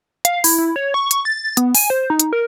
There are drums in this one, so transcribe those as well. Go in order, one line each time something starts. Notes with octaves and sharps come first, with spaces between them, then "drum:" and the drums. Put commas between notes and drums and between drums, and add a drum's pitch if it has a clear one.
F5, drum: hi-hat
E4, drum: open hi-hat
E4
C#5
C#6
C#6, drum: hi-hat
A6
B3, drum: hi-hat
G#5, drum: open hi-hat
C5
D#4
drum: hi-hat
A#4